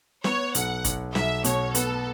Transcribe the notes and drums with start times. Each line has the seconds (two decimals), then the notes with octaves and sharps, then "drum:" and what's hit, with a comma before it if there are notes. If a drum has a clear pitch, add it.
0.24 B3 C#5, drum: snare
0.55 B1 F#5, drum: hi-hat
0.84 B1, drum: kick, hi-hat
1.15 B1 E5, drum: snare
1.44 B2 C#5, drum: hi-hat
1.75 B3 A4, drum: hi-hat